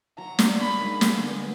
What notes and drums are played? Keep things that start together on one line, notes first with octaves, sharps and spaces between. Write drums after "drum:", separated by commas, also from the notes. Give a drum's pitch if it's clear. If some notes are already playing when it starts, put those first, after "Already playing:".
F#3 A#5
D4 F#4, drum: snare
A#3 B5
D#4 G#4
D3, drum: snare
G#3 B3